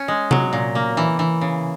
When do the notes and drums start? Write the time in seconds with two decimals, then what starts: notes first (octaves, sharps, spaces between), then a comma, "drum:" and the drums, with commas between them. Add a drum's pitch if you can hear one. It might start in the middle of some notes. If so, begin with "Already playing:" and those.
Already playing: C#4
0.08 G#3
0.31 F#3, drum: tom C3
0.53 A#2
0.75 A#3
0.97 E3
1.19 E3
1.41 C#3